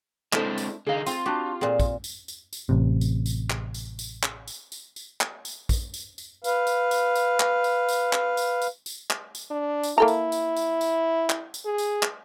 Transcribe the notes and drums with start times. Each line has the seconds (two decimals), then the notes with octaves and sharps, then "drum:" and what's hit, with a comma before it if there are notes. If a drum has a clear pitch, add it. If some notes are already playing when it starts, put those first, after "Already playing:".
0.33 G#3 C4 D4 E4 A4 C5, drum: clap
0.58 drum: tambourine
0.87 D3 D#4 G#4 F5
1.06 C4 F4, drum: tambourine
1.26 D4 F#4 G4
1.61 A#2 C4 G#4
1.80 drum: kick, tambourine
2.04 drum: tambourine
2.28 drum: tambourine
2.53 drum: tambourine
2.69 A1 C3
3.01 drum: tambourine
3.26 drum: tambourine
3.50 drum: clap
3.74 drum: tambourine
3.99 drum: tambourine
4.23 drum: clap
4.48 drum: tambourine
4.72 drum: tambourine
4.96 drum: tambourine
5.21 drum: clap
5.45 drum: tambourine
5.69 drum: kick, tambourine
5.94 drum: tambourine
6.18 drum: tambourine
6.44 B4 F5, drum: tambourine
6.67 drum: tambourine
6.91 drum: tambourine
7.15 drum: tambourine
7.40 drum: clap
7.64 drum: tambourine
7.89 drum: tambourine
8.13 drum: clap
8.37 drum: tambourine
8.62 drum: tambourine
8.86 drum: tambourine
9.10 drum: clap
9.35 drum: tambourine
9.51 D4
9.83 drum: tambourine
9.98 A#3 E4 A4 A#5
10.08 drum: tambourine
10.32 drum: tambourine
10.57 drum: tambourine
10.81 drum: tambourine
11.30 drum: clap
11.54 drum: tambourine
11.65 G#4
11.78 drum: tambourine
12.03 drum: clap